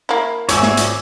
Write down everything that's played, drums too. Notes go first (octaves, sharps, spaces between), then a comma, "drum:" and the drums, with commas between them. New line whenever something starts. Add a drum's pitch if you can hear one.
A#3 E4
G#1 C#5 D5 E5 G#5 E6, drum: hi-hat
drum: snare
drum: hi-hat